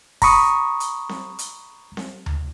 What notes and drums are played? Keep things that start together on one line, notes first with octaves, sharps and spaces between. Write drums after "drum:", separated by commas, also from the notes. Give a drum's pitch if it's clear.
A#5 B5 C#6 D#6, drum: kick, open hi-hat
drum: hi-hat
drum: snare C4
drum: hi-hat
drum: snare C4
drum: tom D2